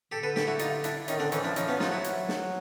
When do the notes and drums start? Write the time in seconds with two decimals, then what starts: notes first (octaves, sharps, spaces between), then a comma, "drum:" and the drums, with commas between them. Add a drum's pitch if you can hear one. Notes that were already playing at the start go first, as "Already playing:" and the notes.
0.12 D3 G4 A4
0.23 A4 B4
0.36 G4 A4, drum: snare
0.47 E4 F#4
0.59 D#4 F4, drum: hi-hat
0.84 D4 E4, drum: hi-hat
1.08 D#3 C#4 D#4, drum: hi-hat
1.20 D3 C4 D4
1.32 E3 C#4 D#4, drum: hi-hat
1.44 F3 D4 E4
1.56 F3 C#4 D#4, drum: hi-hat
1.68 B3 C#4
1.80 F#3 D#4 F4, drum: snare
1.92 E4 F#4
2.04 drum: hi-hat
2.28 drum: snare